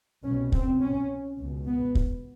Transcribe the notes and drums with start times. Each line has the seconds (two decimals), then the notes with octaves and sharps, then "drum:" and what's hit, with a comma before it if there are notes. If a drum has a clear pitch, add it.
0.23 C2 B2 C#4
0.52 C4, drum: kick
0.81 C#4
1.38 C#2 B2
1.66 B3
1.95 drum: kick